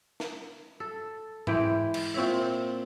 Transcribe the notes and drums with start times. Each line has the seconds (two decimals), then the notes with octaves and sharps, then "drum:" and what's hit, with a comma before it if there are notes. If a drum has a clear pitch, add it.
0.20 drum: snare
0.80 A4
1.47 E3 G#3 E4 G5, drum: tom G#2
1.94 drum: cymbal
2.14 A#2 C4 C#5 E5